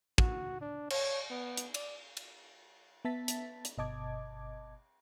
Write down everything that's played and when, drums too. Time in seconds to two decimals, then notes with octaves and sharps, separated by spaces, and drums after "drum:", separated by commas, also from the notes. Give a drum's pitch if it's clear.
0.18 F#4, drum: kick
0.61 D4
0.90 C#5, drum: cymbal
1.30 B3
1.57 drum: hi-hat
1.74 D5, drum: cymbal
2.17 drum: cymbal
3.05 B3 E5 A5 A6 B6
3.28 drum: hi-hat
3.65 drum: hi-hat
3.78 G1 B2 D#5 A5 D6 G#6